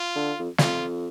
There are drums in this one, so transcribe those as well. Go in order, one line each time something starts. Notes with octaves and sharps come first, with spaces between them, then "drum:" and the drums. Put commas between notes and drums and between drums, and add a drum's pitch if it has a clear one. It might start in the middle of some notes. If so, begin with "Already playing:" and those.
Already playing: F4
D3
F2
F2 F4, drum: snare